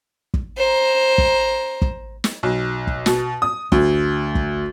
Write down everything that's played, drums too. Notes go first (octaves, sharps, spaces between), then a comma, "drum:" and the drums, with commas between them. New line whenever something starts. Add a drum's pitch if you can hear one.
drum: kick
C5 A#5
drum: kick
drum: kick
drum: snare
B1
drum: kick
B2, drum: snare
D#6
D2, drum: kick
drum: kick